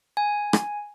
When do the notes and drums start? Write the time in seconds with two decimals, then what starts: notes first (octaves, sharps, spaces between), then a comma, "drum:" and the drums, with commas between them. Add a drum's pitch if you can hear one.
0.17 G#5
0.53 drum: rim click